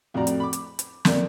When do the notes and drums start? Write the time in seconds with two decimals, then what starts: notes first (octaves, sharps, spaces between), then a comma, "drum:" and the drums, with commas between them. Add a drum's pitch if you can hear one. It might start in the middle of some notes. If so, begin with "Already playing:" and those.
0.14 F2 A2 F#4 D5 A#5
0.27 drum: hi-hat
0.40 B5 D6
0.53 drum: hi-hat
0.79 drum: hi-hat
1.05 F2 A#3 D5, drum: snare